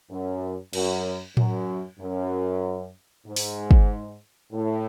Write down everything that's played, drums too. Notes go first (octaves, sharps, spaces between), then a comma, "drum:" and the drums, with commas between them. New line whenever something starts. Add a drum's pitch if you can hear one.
F#2
F#2, drum: cymbal
F#2, drum: tom A2
F#2
G#2
drum: open hi-hat
drum: kick
A2